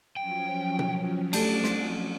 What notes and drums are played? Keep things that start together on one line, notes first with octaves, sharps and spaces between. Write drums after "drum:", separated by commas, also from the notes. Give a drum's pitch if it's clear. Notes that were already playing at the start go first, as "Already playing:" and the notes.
F3 F#3 C#4 G5
drum: tom B2
A3 D4 G4 A4, drum: cymbal
C4, drum: snare